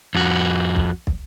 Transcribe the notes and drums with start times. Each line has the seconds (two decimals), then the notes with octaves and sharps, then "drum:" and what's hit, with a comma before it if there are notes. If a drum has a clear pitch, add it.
0.15 F2 F#4
0.76 drum: kick
1.07 drum: kick